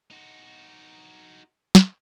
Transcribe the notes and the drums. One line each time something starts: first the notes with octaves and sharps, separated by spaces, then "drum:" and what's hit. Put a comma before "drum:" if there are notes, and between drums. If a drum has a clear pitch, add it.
D#4 F#4
drum: snare